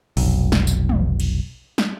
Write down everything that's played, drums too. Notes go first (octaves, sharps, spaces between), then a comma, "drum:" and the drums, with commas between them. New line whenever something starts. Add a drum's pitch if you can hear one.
F1 B1, drum: open hi-hat
drum: snare
drum: tambourine
drum: tom
drum: cymbal
drum: snare